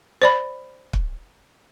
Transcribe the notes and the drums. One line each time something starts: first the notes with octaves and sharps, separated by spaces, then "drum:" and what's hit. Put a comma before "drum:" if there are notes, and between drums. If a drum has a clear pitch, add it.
C5 D5 B5
drum: kick